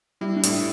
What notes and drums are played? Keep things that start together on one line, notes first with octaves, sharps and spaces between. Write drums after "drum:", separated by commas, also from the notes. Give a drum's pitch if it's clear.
G3 E4
D4
A2, drum: hi-hat
E4